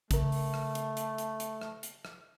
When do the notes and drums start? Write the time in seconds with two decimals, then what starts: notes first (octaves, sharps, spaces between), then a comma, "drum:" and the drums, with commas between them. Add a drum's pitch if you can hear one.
0.11 C#3 A3 A#4, drum: kick, hi-hat
0.32 drum: open hi-hat
0.54 drum: rim click
0.75 drum: hi-hat
0.97 drum: hi-hat
1.18 drum: hi-hat
1.40 drum: hi-hat
1.61 drum: rim click
1.83 drum: hi-hat
2.05 drum: rim click